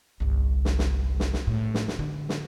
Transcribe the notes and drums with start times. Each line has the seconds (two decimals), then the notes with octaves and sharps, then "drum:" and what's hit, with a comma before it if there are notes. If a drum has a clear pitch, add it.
0.20 G1 C2
0.65 drum: snare
0.79 drum: snare
1.20 drum: snare
1.33 drum: snare
1.47 A2
1.74 drum: snare
1.88 drum: snare
1.99 D3, drum: tom
2.29 drum: snare